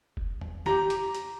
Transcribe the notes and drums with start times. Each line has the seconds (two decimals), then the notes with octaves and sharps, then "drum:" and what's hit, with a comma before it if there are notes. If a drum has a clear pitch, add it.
0.17 drum: kick F1
0.41 drum: tom E2
0.66 G4 A#5, drum: snare
0.90 drum: hi-hat
1.15 drum: hi-hat